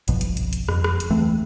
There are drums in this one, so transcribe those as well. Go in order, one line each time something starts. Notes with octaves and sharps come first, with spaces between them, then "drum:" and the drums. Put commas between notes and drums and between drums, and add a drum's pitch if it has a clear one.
G1 C2 B2 F3, drum: hi-hat
drum: hi-hat
drum: hi-hat
drum: hi-hat
F#1 F2, drum: rim click
drum: rim click
drum: hi-hat
D2 E3 A3 C4